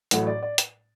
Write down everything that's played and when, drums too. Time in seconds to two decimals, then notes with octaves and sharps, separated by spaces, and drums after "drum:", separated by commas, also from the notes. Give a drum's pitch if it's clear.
0.11 A1 A2 F#3 A3 F#5, drum: hi-hat
0.27 D5
0.43 D5
0.58 drum: hi-hat